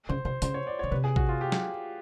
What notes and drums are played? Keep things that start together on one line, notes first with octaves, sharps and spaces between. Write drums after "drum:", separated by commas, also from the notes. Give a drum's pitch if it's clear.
C#3 C5
C3 C5
C#3 C5, drum: hi-hat
C#5
D5
C#5
C#3
C3 B4
G#4
F#4, drum: kick
F4
G4
drum: snare